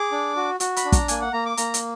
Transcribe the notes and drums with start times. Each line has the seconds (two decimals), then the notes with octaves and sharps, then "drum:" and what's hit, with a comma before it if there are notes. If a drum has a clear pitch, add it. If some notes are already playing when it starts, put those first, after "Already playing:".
Already playing: G#4 D6
0.12 D4
0.36 F#4
0.60 F#4, drum: hi-hat
0.76 B5, drum: hi-hat
0.85 D4
0.92 A#5, drum: kick, hi-hat
1.08 A#3 G#5, drum: hi-hat
1.21 F#5
1.33 A#3 A#5
1.46 D6
1.57 A#3 A#5, drum: hi-hat
1.74 drum: hi-hat